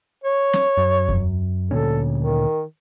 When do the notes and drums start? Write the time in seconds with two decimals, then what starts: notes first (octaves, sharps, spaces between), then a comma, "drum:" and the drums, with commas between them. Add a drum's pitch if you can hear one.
0.24 C#5
0.53 drum: snare
0.77 F#2
1.09 drum: kick E2
1.71 D2 A#2 C#4 A4
2.19 D#3